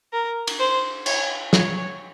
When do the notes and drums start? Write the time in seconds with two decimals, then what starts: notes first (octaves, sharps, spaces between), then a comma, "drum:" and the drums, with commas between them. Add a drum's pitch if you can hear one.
0.13 A#4
0.47 drum: cymbal
0.59 C5
1.06 C#5, drum: cymbal
1.53 C#5, drum: snare